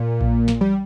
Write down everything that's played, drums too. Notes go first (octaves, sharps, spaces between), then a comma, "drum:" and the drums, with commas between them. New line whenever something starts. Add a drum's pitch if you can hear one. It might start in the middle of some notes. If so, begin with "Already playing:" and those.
Already playing: A#2
drum: kick A#1
drum: snare
G3, drum: tom E3